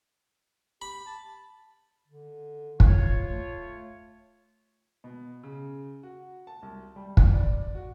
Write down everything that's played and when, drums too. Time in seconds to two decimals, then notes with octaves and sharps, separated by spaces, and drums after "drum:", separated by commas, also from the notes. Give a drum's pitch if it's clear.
0.82 G4 B5
1.06 A5
2.08 D3
2.80 C#2 F4 C#5, drum: kick
3.26 A3
5.04 B2
5.43 C#3
6.03 F#4
6.47 A5
6.62 C2
6.96 G3
7.17 drum: kick
7.34 D5
7.75 F#4